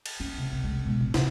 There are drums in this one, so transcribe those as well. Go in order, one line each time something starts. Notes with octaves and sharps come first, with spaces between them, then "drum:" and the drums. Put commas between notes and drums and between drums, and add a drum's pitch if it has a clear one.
drum: cymbal
C#4
C3
C2
G#3
B2
A1
C3, drum: snare